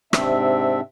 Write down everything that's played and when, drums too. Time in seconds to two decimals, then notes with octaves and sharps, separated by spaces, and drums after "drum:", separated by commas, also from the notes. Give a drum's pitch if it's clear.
0.13 G#2 C3 C4 D4 E5, drum: rim click